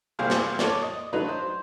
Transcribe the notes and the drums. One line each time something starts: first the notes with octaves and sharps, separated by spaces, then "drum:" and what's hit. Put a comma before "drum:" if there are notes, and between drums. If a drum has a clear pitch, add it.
C2 A#2 G4 G#4 C5 F5
drum: snare
A4 C#5 D5, drum: snare
D#5
F#3 A3 D4 D#4 B4
C5